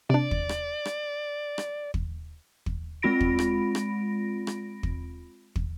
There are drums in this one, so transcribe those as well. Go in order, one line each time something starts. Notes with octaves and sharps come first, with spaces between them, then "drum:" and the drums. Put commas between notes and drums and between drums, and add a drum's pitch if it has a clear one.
C3 D4 D5
drum: kick
drum: rim click
drum: rim click
drum: rim click
drum: kick
drum: kick
G#3 C4 F4 B5 A#6 D7
drum: kick
drum: rim click
drum: rim click
drum: rim click
drum: kick
drum: kick